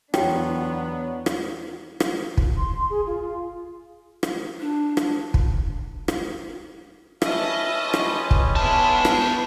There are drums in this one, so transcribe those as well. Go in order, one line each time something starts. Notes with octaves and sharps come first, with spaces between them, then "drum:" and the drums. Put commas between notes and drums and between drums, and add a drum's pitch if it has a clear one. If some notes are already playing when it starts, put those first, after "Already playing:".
E2 F#3 B3 D4 F#4 G5, drum: rim click
drum: rim click
drum: rim click
drum: kick
C6
G#4
F4
drum: rim click
D4
drum: rim click
drum: kick
drum: rim click
C#4 B4 D#5 E5 A5, drum: rim click
G3 G#3 C#4
drum: rim click
drum: kick
B3 D#4 E4 G#4 A5
drum: rim click